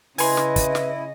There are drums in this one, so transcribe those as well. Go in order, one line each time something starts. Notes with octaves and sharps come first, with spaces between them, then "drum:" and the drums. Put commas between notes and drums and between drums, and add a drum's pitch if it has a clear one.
C#3 E4 B4 D#5 G#5 C6, drum: open hi-hat
drum: snare
drum: kick, hi-hat
drum: snare